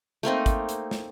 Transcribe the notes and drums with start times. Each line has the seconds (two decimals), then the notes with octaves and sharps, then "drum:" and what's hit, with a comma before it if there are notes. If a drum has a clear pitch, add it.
0.23 A3 A#3 C4 D#4
0.46 drum: kick, hi-hat
0.69 drum: hi-hat
0.91 drum: snare